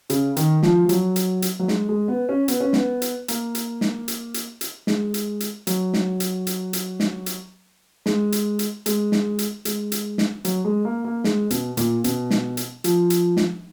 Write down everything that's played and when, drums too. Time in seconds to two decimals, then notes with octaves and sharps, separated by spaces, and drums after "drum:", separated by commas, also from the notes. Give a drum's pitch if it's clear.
0.10 C#3, drum: hi-hat
0.37 D#3, drum: hi-hat
0.63 F3, drum: snare
0.85 F3
0.89 F#3, drum: hi-hat
1.16 drum: hi-hat
1.42 drum: hi-hat
1.59 F#3
1.68 G#3, drum: snare
1.89 G#3
2.08 B3
2.29 C#4
2.48 B3, drum: hi-hat
2.60 C#4
2.73 B3, drum: snare
3.02 drum: hi-hat
3.28 A#3, drum: hi-hat
3.55 drum: hi-hat
3.81 drum: snare
4.08 drum: hi-hat
4.34 drum: hi-hat
4.61 drum: hi-hat
4.87 G#3, drum: snare
5.14 drum: hi-hat
5.40 drum: hi-hat
5.67 F#3, drum: hi-hat
5.94 drum: snare
6.20 drum: hi-hat
6.47 drum: hi-hat
6.73 drum: hi-hat
7.00 drum: snare
7.26 drum: hi-hat
8.06 G#3, drum: snare
8.32 drum: hi-hat
8.59 drum: hi-hat
8.86 G#3, drum: hi-hat
9.12 drum: snare
9.39 drum: hi-hat
9.65 G#3, drum: hi-hat
9.92 drum: hi-hat
10.18 drum: snare
10.45 F#3, drum: hi-hat
10.65 G#3
10.85 A#3
11.05 A#3
11.24 G#3, drum: snare
11.50 B2, drum: hi-hat
11.77 A#2, drum: hi-hat
12.04 B2, drum: hi-hat
12.30 drum: snare
12.57 drum: hi-hat
12.84 F3, drum: hi-hat
13.10 drum: hi-hat
13.37 drum: snare